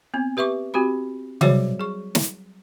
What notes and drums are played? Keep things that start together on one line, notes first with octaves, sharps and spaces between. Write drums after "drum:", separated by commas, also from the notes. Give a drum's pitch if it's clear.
B3 C4
G4 B4 E5 C#6 D6
C4 F#4 G4 B5
F#3 G3 F#4 G#4 C5 C#5, drum: tom C3
G#4 C#6
drum: snare